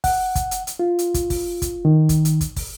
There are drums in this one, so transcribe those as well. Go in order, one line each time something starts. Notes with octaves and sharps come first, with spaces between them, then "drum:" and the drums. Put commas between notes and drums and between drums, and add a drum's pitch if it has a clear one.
F#5, drum: kick, open hi-hat
drum: kick, hi-hat
drum: hi-hat
drum: hi-hat
F4
drum: hi-hat
drum: kick, hi-hat
drum: kick, open hi-hat
drum: kick, hi-hat
D#3
drum: kick, hi-hat
drum: hi-hat
drum: kick, hi-hat
drum: kick, open hi-hat